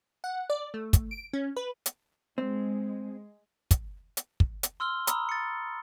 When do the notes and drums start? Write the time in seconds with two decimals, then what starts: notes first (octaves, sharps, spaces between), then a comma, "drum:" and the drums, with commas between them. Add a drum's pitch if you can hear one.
0.24 F#5
0.50 D5
0.74 A3
0.93 drum: kick, hi-hat
1.11 D7
1.33 C#4
1.56 B4
1.86 drum: hi-hat
2.38 G#3 C4
3.71 drum: kick, hi-hat
4.17 drum: hi-hat
4.40 drum: kick
4.63 drum: hi-hat
4.80 C6 E6 F6 G7
5.07 A#5 B5 D#6 E6, drum: hi-hat
5.29 A6 C#7